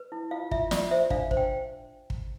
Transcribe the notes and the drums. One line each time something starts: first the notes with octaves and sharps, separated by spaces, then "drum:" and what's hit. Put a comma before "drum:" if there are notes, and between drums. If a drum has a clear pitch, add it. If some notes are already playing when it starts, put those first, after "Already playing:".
Already playing: B4
E4
F4 F5
F4 E5, drum: kick
F4 D5, drum: snare
C5 E5
D4 F5, drum: kick
C5, drum: kick
G5
drum: kick